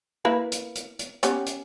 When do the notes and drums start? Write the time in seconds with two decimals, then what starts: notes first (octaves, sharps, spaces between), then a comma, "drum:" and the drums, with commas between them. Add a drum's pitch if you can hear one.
0.25 A#3 E4 B4
0.52 drum: hi-hat
0.76 drum: hi-hat
0.99 drum: hi-hat
1.23 B3 C#4 G4, drum: hi-hat
1.46 drum: hi-hat